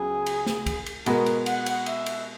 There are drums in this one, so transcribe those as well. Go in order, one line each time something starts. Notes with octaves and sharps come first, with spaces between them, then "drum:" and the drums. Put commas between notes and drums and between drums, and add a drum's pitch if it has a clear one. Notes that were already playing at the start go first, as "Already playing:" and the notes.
Already playing: C#2 C#3 F#3 B3 G#4
drum: cymbal
drum: snare
drum: kick, cymbal
drum: cymbal
B2 G#3 B3 F#4 A#4, drum: cymbal
drum: cymbal
F#5, drum: cymbal
drum: cymbal
E5, drum: cymbal
drum: cymbal